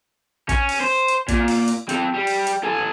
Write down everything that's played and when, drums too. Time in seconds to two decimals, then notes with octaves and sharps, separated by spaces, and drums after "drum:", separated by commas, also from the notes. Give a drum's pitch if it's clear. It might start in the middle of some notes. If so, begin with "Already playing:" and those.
0.49 C#4, drum: kick, hi-hat
0.69 drum: open hi-hat
0.81 C5
1.08 drum: hi-hat
1.28 A#2, drum: kick, hi-hat
1.48 drum: open hi-hat
1.68 drum: hi-hat
1.89 C4 A4, drum: hi-hat
2.14 G3
2.27 drum: open hi-hat
2.47 drum: hi-hat
2.63 A4 G#5